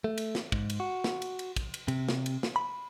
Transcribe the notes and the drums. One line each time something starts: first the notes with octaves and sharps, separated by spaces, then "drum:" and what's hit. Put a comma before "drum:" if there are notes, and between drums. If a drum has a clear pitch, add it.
A3
drum: cymbal
drum: snare
G#2, drum: kick
drum: cymbal
F#4
drum: snare
drum: cymbal
drum: cymbal
drum: kick, cymbal
drum: cymbal
C3, drum: cymbal
drum: snare
drum: cymbal
drum: snare
B5